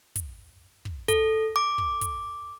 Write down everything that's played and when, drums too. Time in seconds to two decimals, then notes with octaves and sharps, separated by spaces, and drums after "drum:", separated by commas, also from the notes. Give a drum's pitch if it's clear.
0.16 drum: kick, hi-hat
0.85 drum: kick
1.08 A4, drum: kick, hi-hat
1.56 D6
1.78 drum: kick
2.01 drum: kick, hi-hat